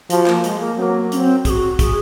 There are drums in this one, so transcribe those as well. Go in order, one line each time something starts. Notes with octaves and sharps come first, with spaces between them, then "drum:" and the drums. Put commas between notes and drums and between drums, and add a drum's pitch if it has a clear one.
F3 F#4, drum: hi-hat
A#3, drum: clap
G#3, drum: hi-hat
A#3
F#3 A#3 C4
C#4, drum: hi-hat
C4
G#4, drum: kick, hi-hat
F#4
G#4, drum: kick, hi-hat